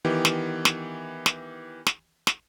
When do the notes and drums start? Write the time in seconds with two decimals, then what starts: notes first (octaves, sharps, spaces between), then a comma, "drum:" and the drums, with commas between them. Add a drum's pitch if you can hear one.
0.05 D#3 E3 B3 G4
0.25 drum: snare
0.65 drum: snare
1.26 drum: snare
1.87 drum: snare
2.27 drum: snare